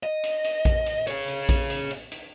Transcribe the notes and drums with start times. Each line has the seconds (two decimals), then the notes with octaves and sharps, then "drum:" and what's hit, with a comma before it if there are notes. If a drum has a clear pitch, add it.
0.03 D#5
0.23 drum: hi-hat
0.44 drum: hi-hat
0.65 drum: kick A#1, hi-hat
0.86 drum: hi-hat
1.07 G#4 C#5, drum: hi-hat
1.28 drum: hi-hat
1.49 drum: kick A#1, hi-hat
1.70 drum: hi-hat
1.91 drum: hi-hat
2.12 drum: hi-hat